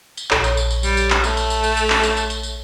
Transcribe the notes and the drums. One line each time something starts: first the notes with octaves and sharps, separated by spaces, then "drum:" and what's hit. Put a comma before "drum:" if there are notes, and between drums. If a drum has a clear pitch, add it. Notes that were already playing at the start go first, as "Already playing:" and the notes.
drum: tambourine
A#1 A4 C#5, drum: clap
drum: tambourine
drum: tambourine
drum: tambourine
G3, drum: tambourine
drum: tambourine
drum: clap
A3, drum: tambourine
drum: tambourine
drum: tambourine
drum: tambourine
drum: tambourine
drum: clap
drum: tambourine
drum: tambourine
drum: tambourine
drum: tambourine